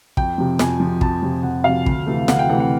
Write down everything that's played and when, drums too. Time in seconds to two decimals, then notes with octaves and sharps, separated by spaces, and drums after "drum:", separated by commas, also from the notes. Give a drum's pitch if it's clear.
0.17 F2 G5, drum: kick
0.38 C3 F3
0.59 F2 G#5, drum: snare
0.80 C3 F3
1.01 F2 A5, drum: kick
1.22 C3 F3
1.43 F2 F#5
1.64 C3 F3 F5
1.86 D2, drum: kick
2.06 C3 E3 A3
2.28 D2 F#5, drum: snare
2.39 G5
2.49 C3 E3 A3 F#5
2.60 F#5